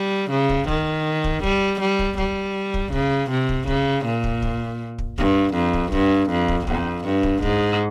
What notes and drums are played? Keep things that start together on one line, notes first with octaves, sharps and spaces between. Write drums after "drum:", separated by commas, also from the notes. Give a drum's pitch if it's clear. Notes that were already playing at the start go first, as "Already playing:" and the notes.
Already playing: G3
C#3
drum: kick
D#3, drum: kick
drum: kick
G3, drum: kick
G3
drum: kick
G3, drum: kick
drum: kick
C#3, drum: kick
C3
drum: kick
C#3, drum: kick
A#2
drum: kick
drum: kick
drum: kick
G2, drum: kick
F2
drum: kick
G2, drum: kick
F2
drum: kick
F2, drum: kick
G2
drum: kick
G#2, drum: kick